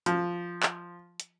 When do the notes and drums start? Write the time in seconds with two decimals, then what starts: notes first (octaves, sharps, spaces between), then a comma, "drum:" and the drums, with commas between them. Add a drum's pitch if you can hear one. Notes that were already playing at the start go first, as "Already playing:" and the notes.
0.06 F3, drum: hi-hat
0.63 drum: clap
1.20 drum: hi-hat